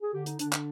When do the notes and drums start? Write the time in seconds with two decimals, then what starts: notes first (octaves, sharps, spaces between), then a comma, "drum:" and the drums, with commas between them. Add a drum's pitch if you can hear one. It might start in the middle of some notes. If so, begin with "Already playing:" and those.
0.01 G#4
0.14 D3 G4
0.26 D#4, drum: hi-hat
0.39 D3 D4, drum: hi-hat
0.53 D4, drum: clap